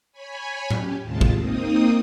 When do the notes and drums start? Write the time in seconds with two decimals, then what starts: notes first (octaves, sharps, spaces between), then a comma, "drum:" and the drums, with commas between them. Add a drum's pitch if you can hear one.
0.12 C#5 G#5 B5
0.70 C#4 G4, drum: tom A2
1.02 D#2 A2 C3 G#3 F4 A5
1.21 drum: kick
1.36 A#3 C4 D#4 D#6